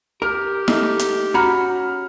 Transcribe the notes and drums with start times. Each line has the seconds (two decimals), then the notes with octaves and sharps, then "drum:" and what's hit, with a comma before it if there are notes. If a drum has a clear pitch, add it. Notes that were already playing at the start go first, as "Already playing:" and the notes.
0.22 G4 A#4 F6
0.68 A3 D#4, drum: snare
0.99 drum: hi-hat
1.34 C#4 F#4 A#5 B5 F6